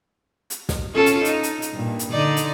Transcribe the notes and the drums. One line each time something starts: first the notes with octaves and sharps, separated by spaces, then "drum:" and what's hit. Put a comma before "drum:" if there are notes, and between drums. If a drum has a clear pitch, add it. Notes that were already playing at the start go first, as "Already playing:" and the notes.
drum: hi-hat
drum: snare
C#4 F4 A4
drum: hi-hat
D#4, drum: hi-hat
drum: hi-hat
drum: hi-hat
G2 A#2
drum: hi-hat
D3 D#4 D5
drum: hi-hat